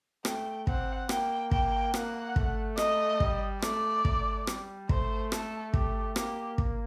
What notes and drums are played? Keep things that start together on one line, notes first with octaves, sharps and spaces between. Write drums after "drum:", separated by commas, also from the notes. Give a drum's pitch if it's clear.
A3 G5, drum: rim click
C4 F#5, drum: kick
A#3 G5, drum: rim click
G5, drum: kick
A#3 F#5, drum: rim click
A3, drum: kick
D#5, drum: rim click
G3, drum: kick
A3 D5, drum: rim click
A3, drum: kick
G3, drum: rim click
A3 C5, drum: kick
A4, drum: rim click
G4, drum: kick
A#3 G4, drum: rim click
drum: kick